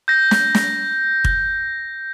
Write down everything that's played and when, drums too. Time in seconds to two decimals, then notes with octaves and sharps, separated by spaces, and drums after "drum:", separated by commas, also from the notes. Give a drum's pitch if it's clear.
0.08 G6 A#6
0.31 drum: snare
0.55 drum: snare
1.24 drum: kick